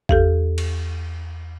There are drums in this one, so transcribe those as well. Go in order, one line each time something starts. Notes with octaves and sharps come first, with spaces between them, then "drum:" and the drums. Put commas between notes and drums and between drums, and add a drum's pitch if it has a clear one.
E2 G4 A4, drum: kick
drum: cymbal